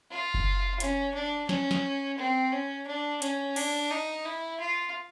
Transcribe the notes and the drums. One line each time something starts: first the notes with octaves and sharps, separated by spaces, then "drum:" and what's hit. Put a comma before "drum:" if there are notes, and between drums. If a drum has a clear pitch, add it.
F4
drum: kick F#1
C#4, drum: hi-hat
D4
C#4, drum: snare
drum: snare
C4
C#4
D4
C#4, drum: hi-hat
D4, drum: cymbal
D#4
E4
F4